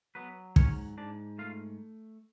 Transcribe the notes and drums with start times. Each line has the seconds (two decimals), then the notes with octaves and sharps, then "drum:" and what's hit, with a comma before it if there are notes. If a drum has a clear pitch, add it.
0.15 F#3 B3 B4
0.56 G#2 C#4 C#5, drum: kick
0.98 G#2 D4 D5
1.39 A3 F4 F5